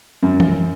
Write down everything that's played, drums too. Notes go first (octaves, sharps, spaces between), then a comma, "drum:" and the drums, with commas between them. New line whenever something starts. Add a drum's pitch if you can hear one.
F#2
drum: tom